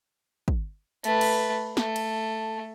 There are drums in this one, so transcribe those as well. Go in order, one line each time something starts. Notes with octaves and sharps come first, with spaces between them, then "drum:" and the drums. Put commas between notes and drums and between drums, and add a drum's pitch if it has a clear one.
drum: kick
A3 B4, drum: hi-hat
drum: cymbal
A3, drum: snare
drum: cymbal